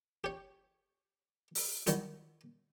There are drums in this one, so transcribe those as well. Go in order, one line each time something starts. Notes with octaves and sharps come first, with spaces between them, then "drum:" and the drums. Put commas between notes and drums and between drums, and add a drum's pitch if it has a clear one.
G4 C#5
drum: open hi-hat
D#3 F#3 G3 E4 F4, drum: hi-hat